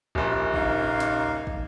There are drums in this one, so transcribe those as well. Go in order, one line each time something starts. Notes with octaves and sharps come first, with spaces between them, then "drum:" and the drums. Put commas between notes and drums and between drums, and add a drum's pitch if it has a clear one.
D#1 A#1
C#3 A#3 D#4, drum: kick
drum: snare
drum: kick